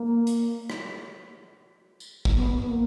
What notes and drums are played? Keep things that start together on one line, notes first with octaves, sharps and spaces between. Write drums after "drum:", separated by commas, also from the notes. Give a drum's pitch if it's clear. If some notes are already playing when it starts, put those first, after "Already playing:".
Already playing: A#3
drum: hi-hat
drum: rim click
drum: tambourine
drum: kick
B3
A#3